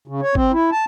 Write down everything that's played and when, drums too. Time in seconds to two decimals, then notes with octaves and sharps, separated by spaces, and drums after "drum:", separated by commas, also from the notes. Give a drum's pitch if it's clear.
0.08 C#3
0.22 C#5
0.35 C4, drum: kick G#1
0.53 E4
0.72 A5